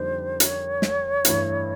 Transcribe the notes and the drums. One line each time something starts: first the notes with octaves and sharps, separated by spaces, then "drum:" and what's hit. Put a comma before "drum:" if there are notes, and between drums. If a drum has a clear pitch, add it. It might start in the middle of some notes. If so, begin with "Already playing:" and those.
Already playing: F2 D3 G3 A#3 D#4 C5
C#5, drum: hi-hat
drum: snare
G2 E3 A3, drum: hi-hat